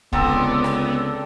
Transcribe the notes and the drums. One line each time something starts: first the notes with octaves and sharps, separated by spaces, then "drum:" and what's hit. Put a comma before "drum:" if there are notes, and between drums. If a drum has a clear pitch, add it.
C#2 D3 B3 C4 A4 A#5, drum: kick
drum: rim click